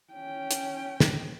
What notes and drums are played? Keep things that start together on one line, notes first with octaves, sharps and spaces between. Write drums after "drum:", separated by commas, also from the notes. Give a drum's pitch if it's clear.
C#4 G5
drum: hi-hat
drum: snare